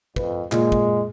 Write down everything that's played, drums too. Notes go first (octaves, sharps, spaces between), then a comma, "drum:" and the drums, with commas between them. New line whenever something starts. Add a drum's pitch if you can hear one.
F2 B4, drum: kick
A#2 G#3, drum: clap
drum: kick